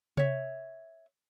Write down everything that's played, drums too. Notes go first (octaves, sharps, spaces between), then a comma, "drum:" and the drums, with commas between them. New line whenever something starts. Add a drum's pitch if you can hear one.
C#5 E5, drum: tom C3